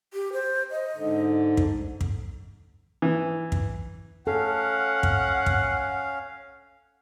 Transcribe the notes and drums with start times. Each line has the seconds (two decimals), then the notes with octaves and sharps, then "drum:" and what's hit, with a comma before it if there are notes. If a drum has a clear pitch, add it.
0.13 G4
0.33 C5
0.71 D#5
0.96 G#2 D3
1.57 drum: kick
2.01 drum: kick
3.02 E3
3.52 drum: kick
4.27 C#4 A4 F5 F#5
5.03 drum: kick
5.46 drum: kick